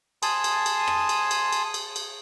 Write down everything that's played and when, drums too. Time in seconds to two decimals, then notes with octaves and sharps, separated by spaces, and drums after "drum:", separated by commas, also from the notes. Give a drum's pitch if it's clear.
0.23 G#5 A5 C6 D#6, drum: cymbal
0.44 drum: cymbal
0.66 drum: cymbal
0.88 drum: rim click
1.09 drum: cymbal
1.31 drum: cymbal
1.52 drum: cymbal
1.74 drum: cymbal
1.96 drum: cymbal